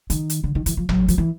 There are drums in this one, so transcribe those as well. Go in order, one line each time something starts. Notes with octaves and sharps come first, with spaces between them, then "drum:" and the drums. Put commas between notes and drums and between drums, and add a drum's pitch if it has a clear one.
D#3, drum: hi-hat
drum: hi-hat
D3
D#3
E3, drum: hi-hat
F3
F#3, drum: tom G#1
F3, drum: hi-hat
E3